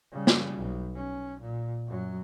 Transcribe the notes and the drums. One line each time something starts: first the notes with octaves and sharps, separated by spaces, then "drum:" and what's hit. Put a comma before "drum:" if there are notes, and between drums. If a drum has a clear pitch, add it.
C#3 G3
drum: snare
B1
C#4
A#2
F#2 F#3